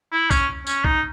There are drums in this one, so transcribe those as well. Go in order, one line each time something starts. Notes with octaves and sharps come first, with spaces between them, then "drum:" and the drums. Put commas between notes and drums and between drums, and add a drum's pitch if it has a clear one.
E4
C#4, drum: kick B1, tambourine
C#4, drum: tambourine
D#4, drum: kick B1